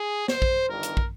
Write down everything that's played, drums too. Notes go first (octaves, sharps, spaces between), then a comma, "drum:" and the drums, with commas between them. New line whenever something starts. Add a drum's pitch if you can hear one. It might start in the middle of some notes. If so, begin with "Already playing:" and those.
Already playing: G#4
C5, drum: snare
drum: kick
G1 G2 D#3 A#4
drum: hi-hat
drum: kick